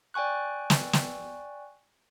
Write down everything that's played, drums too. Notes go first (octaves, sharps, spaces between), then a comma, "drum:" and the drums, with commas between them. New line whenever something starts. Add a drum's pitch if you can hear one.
D5 G5 G#5 C#6 F#6
drum: snare
drum: snare